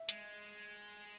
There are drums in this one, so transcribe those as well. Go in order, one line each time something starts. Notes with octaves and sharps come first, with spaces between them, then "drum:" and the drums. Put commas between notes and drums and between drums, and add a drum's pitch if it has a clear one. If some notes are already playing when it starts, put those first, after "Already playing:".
Already playing: E5
G#3, drum: hi-hat